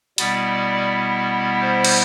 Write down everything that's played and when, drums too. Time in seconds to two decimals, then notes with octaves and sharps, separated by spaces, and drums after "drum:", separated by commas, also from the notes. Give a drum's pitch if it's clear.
0.18 B2 G3 B3 E4 D5, drum: hi-hat
1.61 C5
1.84 drum: cymbal